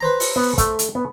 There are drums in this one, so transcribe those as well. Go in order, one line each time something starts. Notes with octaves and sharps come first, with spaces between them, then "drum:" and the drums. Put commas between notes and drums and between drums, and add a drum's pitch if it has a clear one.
B4 C5 A#5
drum: open hi-hat
B3
A3, drum: kick, hi-hat
drum: hi-hat
B3